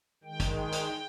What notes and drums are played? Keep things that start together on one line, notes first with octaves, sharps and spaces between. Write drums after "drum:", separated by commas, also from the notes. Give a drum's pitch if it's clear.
D#3 G#3 G5
drum: kick, hi-hat
G5
drum: hi-hat